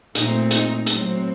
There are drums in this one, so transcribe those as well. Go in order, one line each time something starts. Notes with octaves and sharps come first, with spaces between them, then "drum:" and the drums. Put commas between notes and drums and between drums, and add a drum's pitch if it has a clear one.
A#2 A3 C4 D#4, drum: hi-hat
D#4, drum: hi-hat
A2 F#3 C4, drum: hi-hat